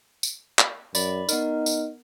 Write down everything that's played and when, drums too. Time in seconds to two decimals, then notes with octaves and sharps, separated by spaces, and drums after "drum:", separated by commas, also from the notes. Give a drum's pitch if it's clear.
0.23 drum: tambourine
0.59 drum: clap
0.95 F#2 D5 B5, drum: tambourine
1.29 B3 D#4 A#4, drum: tambourine
1.66 drum: tambourine